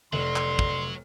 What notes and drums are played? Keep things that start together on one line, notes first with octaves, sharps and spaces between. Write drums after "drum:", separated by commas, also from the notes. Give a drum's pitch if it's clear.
F1 D3 F#3 C6
drum: clap
drum: kick